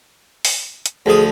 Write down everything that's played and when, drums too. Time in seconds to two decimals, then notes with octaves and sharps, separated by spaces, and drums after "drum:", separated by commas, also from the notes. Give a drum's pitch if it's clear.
0.45 drum: open hi-hat
0.86 drum: hi-hat
1.06 D2 F3 G#4 D#6